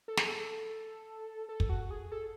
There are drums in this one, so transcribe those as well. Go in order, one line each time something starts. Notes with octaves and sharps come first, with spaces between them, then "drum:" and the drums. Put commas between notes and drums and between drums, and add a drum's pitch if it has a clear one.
A4
G#4, drum: snare
A4
A4
drum: kick
F#4
G#4
A4